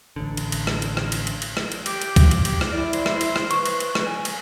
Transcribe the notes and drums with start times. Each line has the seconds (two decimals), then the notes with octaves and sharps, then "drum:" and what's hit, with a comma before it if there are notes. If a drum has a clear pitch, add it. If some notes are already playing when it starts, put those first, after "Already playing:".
0.16 A1 D3
0.37 drum: cymbal
0.52 drum: cymbal
0.67 drum: rim click
0.82 drum: cymbal
0.97 drum: rim click
1.12 drum: cymbal
1.27 drum: cymbal
1.42 drum: cymbal
1.57 drum: rim click
1.72 drum: cymbal
1.86 G4, drum: cymbal
2.01 drum: cymbal
2.16 drum: kick, cymbal
2.31 drum: cymbal
2.45 G4, drum: cymbal
2.61 drum: rim click
2.72 E4 D5
2.93 C5, drum: cymbal
3.06 drum: rim click
3.21 drum: cymbal
3.36 drum: rim click
3.51 B4 C#6, drum: cymbal
3.66 drum: cymbal
3.80 drum: cymbal
3.95 drum: rim click
4.06 G#5
4.25 drum: cymbal